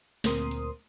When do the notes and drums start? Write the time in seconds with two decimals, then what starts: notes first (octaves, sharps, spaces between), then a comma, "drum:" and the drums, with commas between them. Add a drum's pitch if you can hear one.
0.24 D2 A#2 C4 A#4 C6 D#6, drum: snare
0.51 drum: hi-hat